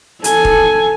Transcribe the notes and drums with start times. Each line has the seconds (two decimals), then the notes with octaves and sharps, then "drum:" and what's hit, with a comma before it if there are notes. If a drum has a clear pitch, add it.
0.24 A4 G#5, drum: hi-hat
0.45 drum: kick D#1